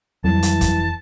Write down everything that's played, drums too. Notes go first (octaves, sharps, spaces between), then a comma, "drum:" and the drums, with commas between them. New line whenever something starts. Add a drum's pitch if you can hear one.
F2 E3 F#3 G3 A5
drum: hi-hat
drum: kick, hi-hat